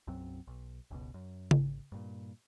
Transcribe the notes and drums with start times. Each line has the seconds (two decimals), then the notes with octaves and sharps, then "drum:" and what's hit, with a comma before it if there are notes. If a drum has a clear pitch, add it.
0.07 B1 F#2 F#3 C4
0.47 B1
0.91 F#1 C#2 B2
1.14 F#2
1.51 G#1, drum: tom C#3
1.92 G2 A#2